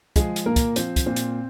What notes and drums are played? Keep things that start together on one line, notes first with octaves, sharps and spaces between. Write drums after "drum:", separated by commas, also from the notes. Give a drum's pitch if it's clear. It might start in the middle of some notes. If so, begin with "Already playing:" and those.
F3 G#3 G#4, drum: kick, hi-hat
drum: hi-hat
A#2 A#3 A#4
drum: kick, hi-hat
F3 C4 C5, drum: hi-hat
drum: kick, hi-hat
A#2 C4 C5
drum: hi-hat